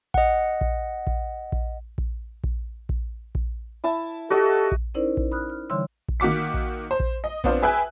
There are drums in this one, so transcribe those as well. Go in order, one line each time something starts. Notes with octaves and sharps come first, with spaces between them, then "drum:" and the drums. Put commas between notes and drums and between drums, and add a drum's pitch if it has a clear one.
D#5 F#5, drum: kick A#1
drum: kick A#1
drum: kick A#1
drum: kick A#1
drum: kick A#1
drum: kick A#1
drum: kick A#1
drum: kick A#1
E4 E5 A5
F#4 G4 A4 D#5 E5
drum: kick A#1
C#4 D#4 E4 A#4 C5 D5
drum: kick A#1
B5 D#6 F6 F#6
F6
D3 E3 G3 C#5 C6 E6
drum: kick A#1
D#3 A#3 F#4 D6 B6
drum: kick A#1
C5
drum: kick A#1
D#5
B3 C4 D4 F4 C5, drum: kick A#1
G#4 B4 E5 G5 G#5 F#6